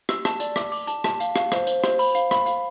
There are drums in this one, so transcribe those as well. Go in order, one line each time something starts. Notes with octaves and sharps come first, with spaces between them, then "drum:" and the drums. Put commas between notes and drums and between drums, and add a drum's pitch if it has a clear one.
E6, drum: rim click
A5, drum: rim click
D5, drum: hi-hat
D6, drum: rim click
D6, drum: open hi-hat
A5, drum: hi-hat
A5, drum: rim click
F5, drum: hi-hat
F5, drum: rim click
C5, drum: rim click
C5, drum: hi-hat
C5, drum: rim click
B5, drum: open hi-hat
F5, drum: hi-hat
B5, drum: rim click
F5, drum: hi-hat